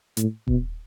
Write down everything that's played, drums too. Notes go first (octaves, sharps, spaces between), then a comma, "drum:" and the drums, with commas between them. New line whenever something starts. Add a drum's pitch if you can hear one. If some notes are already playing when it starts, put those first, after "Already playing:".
A2, drum: hi-hat
B2, drum: kick D#1